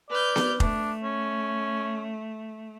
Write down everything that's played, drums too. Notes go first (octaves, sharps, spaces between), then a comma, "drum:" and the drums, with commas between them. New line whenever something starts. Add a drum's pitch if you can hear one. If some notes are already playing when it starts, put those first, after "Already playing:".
B4 D5 F6 G6
drum: snare B3
A3 D4, drum: kick F1
C#4